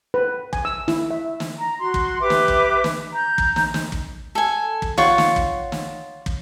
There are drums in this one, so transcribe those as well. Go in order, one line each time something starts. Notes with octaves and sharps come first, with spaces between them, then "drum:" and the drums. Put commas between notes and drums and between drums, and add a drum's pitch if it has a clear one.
B4
G#5, drum: kick
E6
E4, drum: snare
E5
drum: snare
A#5
F#4 C6
drum: kick
G4 B4 E5 D6
drum: snare
drum: kick
drum: snare
A#5 G6
drum: kick
drum: snare
drum: snare
drum: kick
A4 G#5
drum: kick
F4 C#5 F#5 C#6, drum: snare
drum: snare
drum: kick
drum: snare
drum: kick